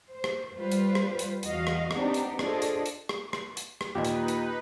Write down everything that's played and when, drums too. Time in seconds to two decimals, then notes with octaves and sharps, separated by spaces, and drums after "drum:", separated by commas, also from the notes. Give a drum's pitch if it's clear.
0.10 C5
0.24 drum: rim click
0.54 G3 F4 B4 C5
0.72 drum: hi-hat
0.95 drum: rim click
1.19 drum: hi-hat
1.43 E2 F#4 D#5 F5, drum: hi-hat
1.67 drum: rim click
1.91 B3 C4 D4 D#4 G4, drum: rim click
2.14 drum: hi-hat
2.39 D4 F4 G#4 A4 C5 D#5, drum: rim click
2.62 drum: hi-hat
2.86 drum: hi-hat
3.09 drum: rim click
3.33 drum: rim click
3.57 drum: hi-hat
3.81 drum: rim click
3.95 D#2 A#2 D#4 F4 G4 B4 D#5
4.05 drum: hi-hat
4.28 drum: hi-hat